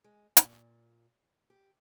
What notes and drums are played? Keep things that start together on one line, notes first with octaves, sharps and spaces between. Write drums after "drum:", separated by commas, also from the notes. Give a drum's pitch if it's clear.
G#3
A#2, drum: hi-hat
G4